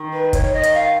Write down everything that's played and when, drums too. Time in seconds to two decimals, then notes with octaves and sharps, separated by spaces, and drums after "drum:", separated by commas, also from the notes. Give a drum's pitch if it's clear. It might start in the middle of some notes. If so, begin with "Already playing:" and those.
Already playing: D#3
0.12 B4
0.33 C#5, drum: kick, hi-hat
0.53 D#5
0.63 drum: hi-hat
0.74 F5